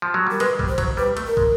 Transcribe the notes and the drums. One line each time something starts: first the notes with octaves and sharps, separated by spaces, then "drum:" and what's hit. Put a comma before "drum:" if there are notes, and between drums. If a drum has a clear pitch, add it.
F3
F#3
G3 A#4
G#3 B4, drum: cymbal
G3, drum: kick
C5
F#3, drum: kick, cymbal
G3 B4
A3, drum: cymbal
A#4
G#3, drum: kick